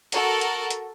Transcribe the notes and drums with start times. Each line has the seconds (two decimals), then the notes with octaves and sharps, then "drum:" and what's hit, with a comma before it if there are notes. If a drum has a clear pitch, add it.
0.12 F#4 A4 A#4, drum: hi-hat
0.41 drum: hi-hat
0.70 drum: hi-hat